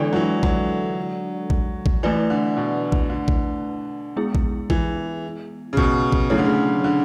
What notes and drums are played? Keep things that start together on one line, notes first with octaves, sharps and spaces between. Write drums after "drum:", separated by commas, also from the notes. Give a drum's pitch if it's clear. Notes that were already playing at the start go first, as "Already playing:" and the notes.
Already playing: D3 E3 G#3 D4 A4 D5
F#3
E3
F#3, drum: kick A1
drum: kick A1
drum: kick A1
E3 A3 E4 B4 D5
D3
B2
drum: kick A1
D3
drum: kick A1
G#3 B3 E4 G#4
drum: kick A1
E3, drum: kick A1
C#3
B2, drum: kick A1
drum: kick A1
C#3 F#3 A3 E4 A4 C#5
D3
C#3
D3